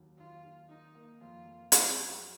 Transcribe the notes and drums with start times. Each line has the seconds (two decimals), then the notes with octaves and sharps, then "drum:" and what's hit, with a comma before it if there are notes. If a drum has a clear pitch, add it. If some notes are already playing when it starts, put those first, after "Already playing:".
Already playing: D#2 F#3
0.18 D#2 F4
0.43 D#2
0.69 D#3 D#4
0.95 A#3
1.21 F2 F4
1.46 F2
1.72 F#3 F#4, drum: hi-hat
1.97 F#3